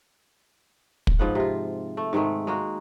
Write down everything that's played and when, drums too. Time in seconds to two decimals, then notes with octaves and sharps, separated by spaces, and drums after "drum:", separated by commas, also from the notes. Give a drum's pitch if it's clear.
1.07 drum: kick
1.19 G#2 F3 B3 F#5
1.35 C3 F4
1.97 A3
2.13 G#2 D#3 G#3 A3
2.47 G#3 A#3 F#4